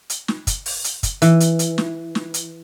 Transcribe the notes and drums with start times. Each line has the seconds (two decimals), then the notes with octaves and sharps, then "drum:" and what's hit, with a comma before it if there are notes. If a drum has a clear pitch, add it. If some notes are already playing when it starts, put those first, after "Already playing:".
0.10 drum: hi-hat
0.28 drum: snare
0.47 drum: kick, hi-hat
0.66 drum: open hi-hat
0.84 drum: hi-hat
1.03 drum: kick, hi-hat
1.22 E3, drum: hi-hat
1.40 drum: hi-hat
1.59 drum: hi-hat
1.78 drum: snare
2.15 drum: snare
2.34 drum: hi-hat